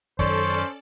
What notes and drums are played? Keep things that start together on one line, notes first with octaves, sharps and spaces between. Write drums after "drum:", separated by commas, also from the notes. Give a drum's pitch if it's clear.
F#2 D#3 C#4 A4 C5 D5, drum: kick, hi-hat
drum: hi-hat